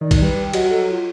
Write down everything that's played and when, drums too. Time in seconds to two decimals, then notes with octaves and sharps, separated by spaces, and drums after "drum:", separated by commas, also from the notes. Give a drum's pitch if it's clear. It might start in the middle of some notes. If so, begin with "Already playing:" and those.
0.01 D#3 D5
0.11 drum: kick, cymbal
0.22 G3 B4
0.53 F#3 D#5, drum: cymbal
0.70 A4
0.90 F4